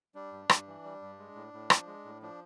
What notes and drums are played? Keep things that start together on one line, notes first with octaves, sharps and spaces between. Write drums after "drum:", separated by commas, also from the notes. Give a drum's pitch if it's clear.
G3 D4
G2
G2, drum: rim click
E3
G3
G2
G#3
A2
A2
F3, drum: rim click
G#3
A2
F3 D4